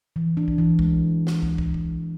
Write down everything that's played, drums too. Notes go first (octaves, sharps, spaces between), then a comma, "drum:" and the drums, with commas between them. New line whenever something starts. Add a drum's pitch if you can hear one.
E3
D4
drum: kick
E3
G#3, drum: kick
drum: snare
drum: kick
drum: kick
drum: kick